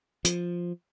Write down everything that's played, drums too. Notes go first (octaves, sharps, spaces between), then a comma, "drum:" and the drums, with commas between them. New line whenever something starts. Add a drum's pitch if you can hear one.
F3, drum: hi-hat